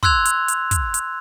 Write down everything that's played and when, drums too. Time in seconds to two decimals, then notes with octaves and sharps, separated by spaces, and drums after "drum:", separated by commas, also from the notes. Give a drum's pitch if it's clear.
0.03 C6 E6 F#6 G#6 F7, drum: kick
0.25 drum: hi-hat
0.48 drum: hi-hat
0.71 drum: kick, hi-hat
0.94 drum: hi-hat